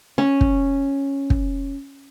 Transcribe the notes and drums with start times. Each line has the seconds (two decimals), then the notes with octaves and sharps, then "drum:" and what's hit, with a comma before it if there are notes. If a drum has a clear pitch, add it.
0.18 C#4
0.41 drum: kick
1.30 drum: kick